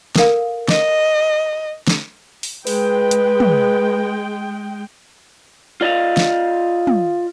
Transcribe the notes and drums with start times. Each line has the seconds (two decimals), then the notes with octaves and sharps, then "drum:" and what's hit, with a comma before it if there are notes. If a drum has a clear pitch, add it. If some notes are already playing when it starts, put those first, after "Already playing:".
0.16 A4 A#4 F5, drum: snare
0.68 D#5, drum: snare
1.87 drum: snare
2.43 drum: open hi-hat
2.67 G#3 B4 G5, drum: open hi-hat
3.11 drum: hi-hat
3.40 drum: tom
5.81 F4 D5 D#5 F5
6.17 drum: snare
6.87 drum: tom